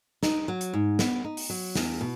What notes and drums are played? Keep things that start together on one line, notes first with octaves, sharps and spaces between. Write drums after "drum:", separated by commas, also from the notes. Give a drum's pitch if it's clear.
D#4, drum: snare
F#3
drum: hi-hat
G#2
B3, drum: snare
D#4
drum: open hi-hat
F#3
E2, drum: snare
B2